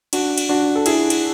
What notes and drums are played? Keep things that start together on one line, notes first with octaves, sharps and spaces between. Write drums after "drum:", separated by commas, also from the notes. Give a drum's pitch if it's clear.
D4 F#4, drum: cymbal
drum: cymbal
D4 F#4
A4
E4 G#4, drum: cymbal
drum: cymbal